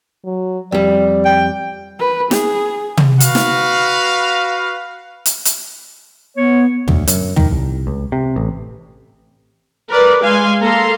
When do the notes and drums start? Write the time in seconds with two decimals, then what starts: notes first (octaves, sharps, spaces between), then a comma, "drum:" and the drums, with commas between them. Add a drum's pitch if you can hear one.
0.25 F#3
0.72 F2 G3 D5
1.25 G5
1.99 B4
2.31 G#4, drum: snare
2.97 drum: tom
3.20 F#4 B4 F5, drum: hi-hat
3.35 drum: snare
5.26 drum: hi-hat
5.45 drum: hi-hat
6.37 B3 C#5
6.88 D2, drum: tom
7.07 F#2, drum: hi-hat
7.36 D#3, drum: tom
7.51 C2
7.87 C#2
8.12 C3
8.36 A1
9.88 A#4 B4 D5
10.22 G#3 F5 G#5 C6
10.61 A#3 A4 F5 A#5 C6